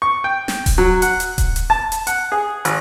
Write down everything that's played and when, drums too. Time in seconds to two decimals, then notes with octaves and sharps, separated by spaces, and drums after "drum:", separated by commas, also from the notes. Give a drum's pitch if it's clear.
0.02 C#6
0.24 G5
0.48 drum: snare
0.66 drum: kick D#1, open hi-hat
0.78 F#3
1.02 F#5, drum: hi-hat
1.20 drum: hi-hat
1.38 drum: kick D#1, hi-hat
1.56 drum: hi-hat
1.70 A5
1.92 drum: hi-hat
2.07 F#5, drum: hi-hat
2.32 G#4
2.65 G#1, drum: hi-hat